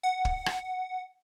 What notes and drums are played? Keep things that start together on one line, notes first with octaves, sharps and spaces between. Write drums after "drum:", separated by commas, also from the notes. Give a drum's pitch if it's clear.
F#5
drum: kick
drum: rim click